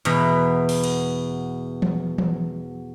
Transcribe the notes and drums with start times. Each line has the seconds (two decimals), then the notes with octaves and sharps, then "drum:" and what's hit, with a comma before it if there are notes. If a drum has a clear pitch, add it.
0.05 E2 B2 A#5, drum: hi-hat
0.69 drum: open hi-hat
0.84 drum: cymbal
1.82 drum: tom E3
2.18 drum: tom E3